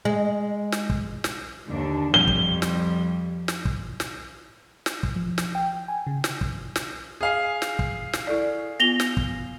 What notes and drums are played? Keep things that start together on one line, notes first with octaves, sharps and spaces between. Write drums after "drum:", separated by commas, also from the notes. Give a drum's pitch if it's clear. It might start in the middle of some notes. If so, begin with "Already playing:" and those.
G#3
drum: snare
drum: kick
drum: snare
D#2 D3 D4
F2 F3 G3 G7
drum: kick
drum: snare
drum: snare
drum: kick
drum: snare
drum: snare
drum: kick
F3
drum: snare
G5
G#5
C#3
drum: snare
drum: kick
drum: snare
G#4 F5 G#5
drum: snare
drum: kick
drum: snare
E4 A4 D5
B3 F4 A#6 F7 G7
drum: snare
drum: kick